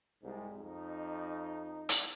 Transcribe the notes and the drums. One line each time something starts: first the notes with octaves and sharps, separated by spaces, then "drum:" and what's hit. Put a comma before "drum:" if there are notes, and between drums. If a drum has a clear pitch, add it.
C2 G#2
F2 D#4
drum: hi-hat